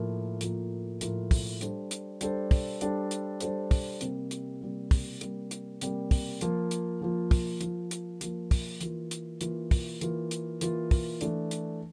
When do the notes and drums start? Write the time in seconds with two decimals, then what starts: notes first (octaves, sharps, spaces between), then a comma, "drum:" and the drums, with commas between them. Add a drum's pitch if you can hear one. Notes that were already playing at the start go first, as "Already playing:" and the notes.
Already playing: A2 F3 A#3 F4 A#4
0.41 A2 F3 A#3 F4 A#4, drum: hi-hat
1.01 A2 F3 A#3 F4 A#4, drum: hi-hat
1.31 drum: kick, open hi-hat
1.61 G3 D4 A4 C5, drum: hi-hat
1.91 drum: hi-hat
2.21 G3 D4 A4 C5, drum: hi-hat
2.51 drum: kick, open hi-hat
2.81 G3 D4 A4 C5, drum: hi-hat
3.11 drum: hi-hat
3.40 G3 D4 A4 C5, drum: hi-hat
3.71 drum: kick, open hi-hat
4.01 C3 G3 A#3, drum: hi-hat
4.31 drum: hi-hat
4.61 C3 G3 A#3
4.91 drum: kick, open hi-hat
5.21 C3 G3 A#3, drum: hi-hat
5.51 drum: hi-hat
5.81 C3 G3 A#3, drum: hi-hat
6.11 drum: kick, open hi-hat
6.41 F3 A#3 F4, drum: hi-hat
6.71 drum: hi-hat
7.01 F3 A#3 F4
7.31 drum: kick, open hi-hat
7.61 F3 A#3 F4, drum: hi-hat
7.91 drum: hi-hat
8.21 F3 A#3 F4, drum: hi-hat
8.51 drum: kick, open hi-hat
8.81 E3 A#3 F4, drum: hi-hat
9.11 drum: hi-hat
9.41 E3 A#3 F4, drum: hi-hat
9.71 drum: kick, open hi-hat
10.01 E3 A#3 F4, drum: hi-hat
10.31 drum: hi-hat
10.61 E3 A#3 F4, drum: hi-hat
10.91 drum: kick, open hi-hat
11.21 E3 A3 D4, drum: hi-hat
11.51 drum: hi-hat